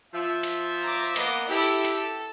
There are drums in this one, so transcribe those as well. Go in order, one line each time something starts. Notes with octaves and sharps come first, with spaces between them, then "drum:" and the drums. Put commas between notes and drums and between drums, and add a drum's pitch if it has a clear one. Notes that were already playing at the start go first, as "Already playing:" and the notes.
F3 E5
drum: hi-hat
A#5 D6
A#3 B3 D#5 D6, drum: hi-hat
E4 G4 A4
drum: hi-hat
A4